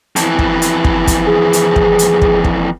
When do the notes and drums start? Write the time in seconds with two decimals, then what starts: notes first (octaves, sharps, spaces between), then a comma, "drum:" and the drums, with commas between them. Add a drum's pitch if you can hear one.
0.16 F2 E3, drum: hi-hat
0.39 drum: kick
0.62 drum: hi-hat
0.85 drum: kick
1.07 drum: kick, hi-hat
1.26 G#4
1.53 drum: hi-hat
1.76 drum: kick
1.99 drum: hi-hat
2.22 drum: kick
2.45 drum: kick